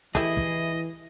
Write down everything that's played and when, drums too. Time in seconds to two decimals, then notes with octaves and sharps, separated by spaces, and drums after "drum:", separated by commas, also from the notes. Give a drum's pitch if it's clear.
0.15 E3 A3 E4 G4 G#4 D#5 E5, drum: kick
0.37 drum: kick